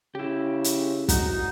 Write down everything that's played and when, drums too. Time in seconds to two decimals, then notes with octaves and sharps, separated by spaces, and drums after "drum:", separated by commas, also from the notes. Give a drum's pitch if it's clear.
0.15 C#3 E4 G4
0.64 drum: hi-hat
1.09 C2 D#4 F#4, drum: kick, hi-hat